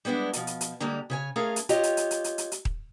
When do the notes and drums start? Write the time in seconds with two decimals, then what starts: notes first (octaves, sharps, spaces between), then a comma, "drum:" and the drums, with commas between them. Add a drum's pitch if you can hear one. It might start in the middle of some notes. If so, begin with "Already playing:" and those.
0.05 G3 G#3 B3 D4 E4
0.33 B2 F3, drum: hi-hat
0.47 drum: hi-hat
0.61 drum: hi-hat
0.80 D3 G3 G#3 A#3 A#4
1.10 C#3 C#5 G#5
1.36 A3 C#4 G#4 A#4 F5
1.56 drum: hi-hat
1.69 F4 G4 C#5 D#5, drum: hi-hat
1.83 drum: hi-hat
1.97 drum: hi-hat
2.11 drum: hi-hat
2.24 drum: hi-hat
2.38 drum: hi-hat
2.52 drum: hi-hat
2.65 drum: kick D#1